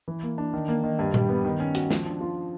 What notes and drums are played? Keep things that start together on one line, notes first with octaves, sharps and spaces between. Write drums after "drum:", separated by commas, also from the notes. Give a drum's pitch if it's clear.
E3
A#3
D4
D#3
A#3
D#3
G2
G3, drum: tom A#2
B3
D#3
C#4
F#4, drum: hi-hat
F3, drum: snare
D4
F4